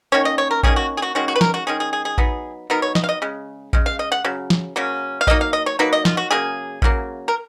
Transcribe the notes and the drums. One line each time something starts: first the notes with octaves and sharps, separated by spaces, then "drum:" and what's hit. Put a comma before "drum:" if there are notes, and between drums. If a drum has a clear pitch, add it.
D#3 A#3 C#4 C#5
D#5
C#5
A#4
D#3 A#3 C#4 G#4, drum: kick A1
F#4
G#4
F#4
D#3 G#3 C#4 F#4
F#4
B4
A#4, drum: snare
F#4
D#3 G#3 C#4 G#4
G#4
G#4
G#4
F#3 B3 D#4, drum: kick A1
F#3 B3 D#4 A#4
C#5
D#5, drum: snare
F5
D#5
C#3 G#3
C#3 G#3, drum: kick A1
F5
D#5
F#5
C#3 F#3
drum: snare
C#3 F#3 A#3 C#4
F5
F#3 A#3 D#4 D#5, drum: kick A1
F5
D#5
C#5
F#3 A#3 D#4 B4
D#5
F4, drum: snare
F#4
C#3 F#3 A#3 G#4
C#3 F#3 A#3, drum: kick A1
A#4